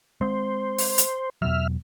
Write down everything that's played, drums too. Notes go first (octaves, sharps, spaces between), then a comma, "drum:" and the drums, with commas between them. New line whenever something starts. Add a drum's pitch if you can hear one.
G#3 C4 C5
drum: open hi-hat
drum: hi-hat
E2 B2 F#3 E5 F6